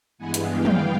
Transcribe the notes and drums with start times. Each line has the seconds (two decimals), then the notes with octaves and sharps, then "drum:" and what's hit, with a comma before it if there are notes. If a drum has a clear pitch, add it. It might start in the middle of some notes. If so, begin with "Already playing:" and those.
0.18 G2 E3 G#3 B3 F#5 G#5
0.34 drum: hi-hat
0.50 F5 G5
0.65 drum: tom